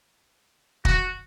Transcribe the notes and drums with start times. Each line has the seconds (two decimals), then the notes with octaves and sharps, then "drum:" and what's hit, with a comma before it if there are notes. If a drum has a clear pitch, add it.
0.85 F#4, drum: kick